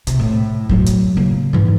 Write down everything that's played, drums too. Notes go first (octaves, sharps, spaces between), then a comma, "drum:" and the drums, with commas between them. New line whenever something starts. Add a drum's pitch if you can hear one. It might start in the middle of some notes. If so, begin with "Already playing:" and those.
C3, drum: hi-hat
A2
A2 F#3, drum: kick
drum: hi-hat
C#3 A#3
G#2 E3